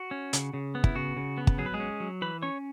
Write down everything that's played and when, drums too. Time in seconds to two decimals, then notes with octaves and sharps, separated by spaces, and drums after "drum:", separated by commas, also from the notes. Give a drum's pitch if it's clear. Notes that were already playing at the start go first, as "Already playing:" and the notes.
Already playing: F#4
0.11 C#4
0.33 C#3, drum: hi-hat
0.54 C#3
0.75 B3
0.84 E4, drum: kick
0.95 C#3 F#4
1.17 C#3
1.38 B3
1.47 drum: kick
1.58 F#3 G#4
1.66 B4
1.74 G#3 G#4
1.80 C#4
2.00 F#3
2.22 E3 B4 B5
2.42 C#4 C#5 C#6